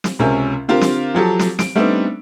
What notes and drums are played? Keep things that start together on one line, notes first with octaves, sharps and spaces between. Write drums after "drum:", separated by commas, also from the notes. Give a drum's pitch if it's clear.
drum: snare
C#2 C3 C#4 A#4
D3 C4 F4 G4 A#4
drum: snare
F3 F#3 G4 A4
drum: snare
D7, drum: snare
G3 A3 B3 C4 D4 D#4